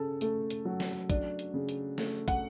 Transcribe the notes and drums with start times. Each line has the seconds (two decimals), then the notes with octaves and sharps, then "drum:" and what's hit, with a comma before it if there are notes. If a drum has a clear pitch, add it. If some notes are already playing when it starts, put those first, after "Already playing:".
Already playing: C#3 A4
0.21 A3 A4, drum: hi-hat
0.50 drum: hi-hat
0.65 F#3
0.80 drum: snare
1.10 D4, drum: kick, hi-hat
1.39 drum: hi-hat
1.54 C#3
1.69 drum: hi-hat
1.98 A3, drum: snare
2.28 F#5, drum: kick, hi-hat